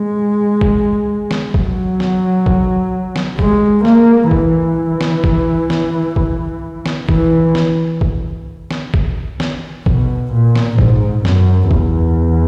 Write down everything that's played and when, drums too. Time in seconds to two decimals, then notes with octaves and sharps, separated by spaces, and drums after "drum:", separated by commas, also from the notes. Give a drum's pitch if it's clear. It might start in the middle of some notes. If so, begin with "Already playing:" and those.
Already playing: G#3
0.61 drum: kick
1.31 drum: snare
1.54 F#3, drum: kick
2.00 drum: snare
2.46 drum: kick
3.16 drum: snare
3.39 G#3, drum: kick
3.85 A#3, drum: snare
4.31 E3, drum: kick
5.01 drum: snare
5.24 drum: kick
5.70 drum: snare
6.16 drum: kick
6.86 drum: snare
7.09 E3, drum: kick
7.55 drum: snare
8.01 drum: kick
8.71 drum: snare
8.94 drum: kick
9.40 drum: snare
9.86 B2, drum: kick
10.33 A#2
10.56 drum: snare
10.78 G#2, drum: kick
11.25 F#2, drum: snare
11.71 E2, drum: kick